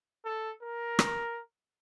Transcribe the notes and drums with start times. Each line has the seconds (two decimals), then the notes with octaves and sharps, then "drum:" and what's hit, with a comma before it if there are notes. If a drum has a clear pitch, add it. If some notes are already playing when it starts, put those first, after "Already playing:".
0.25 A4
0.62 A#4
0.99 drum: rim click